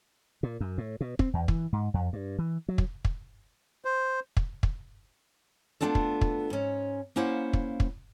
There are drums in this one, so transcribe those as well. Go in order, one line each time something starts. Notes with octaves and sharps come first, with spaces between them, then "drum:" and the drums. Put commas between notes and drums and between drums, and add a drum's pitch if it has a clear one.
A#2
F#2
A2
B2
C4, drum: kick
E2
E3, drum: kick
G#2
F2
G2
E3
F#3
drum: kick
drum: kick
C5
drum: kick
drum: kick
A3 B3 C4 D4 F4 A4
drum: kick
drum: kick
G#2 C#4
A#3 C#4 E4 C5 F5 F#5
drum: kick
drum: kick